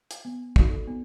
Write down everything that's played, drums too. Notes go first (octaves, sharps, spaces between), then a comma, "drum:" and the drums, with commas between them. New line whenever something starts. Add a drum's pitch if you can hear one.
drum: hi-hat
B3
D#4 F#4 A4 D5, drum: kick
B3